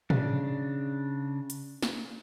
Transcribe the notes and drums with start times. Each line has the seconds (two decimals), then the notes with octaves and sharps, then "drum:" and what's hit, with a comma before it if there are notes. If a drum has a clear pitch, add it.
0.10 C#3 D4, drum: tom
1.50 drum: hi-hat
1.83 drum: snare